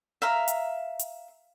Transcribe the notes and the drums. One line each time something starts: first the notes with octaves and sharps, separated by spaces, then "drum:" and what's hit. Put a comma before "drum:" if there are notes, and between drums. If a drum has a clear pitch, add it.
E5 F5 A#5
drum: hi-hat
drum: hi-hat